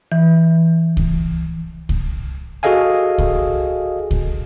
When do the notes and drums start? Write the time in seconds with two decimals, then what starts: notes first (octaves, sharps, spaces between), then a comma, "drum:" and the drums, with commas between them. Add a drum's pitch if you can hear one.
0.12 E3
0.97 drum: kick C2
1.89 drum: kick C2
2.63 F#4 G#4 A4 D#5 F5 G#5
3.18 drum: kick C2
4.11 drum: kick C2